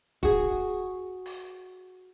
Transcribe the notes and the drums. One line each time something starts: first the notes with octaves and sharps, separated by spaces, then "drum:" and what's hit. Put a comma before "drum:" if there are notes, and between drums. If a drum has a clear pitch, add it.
F#4 G#4, drum: kick D1
drum: open hi-hat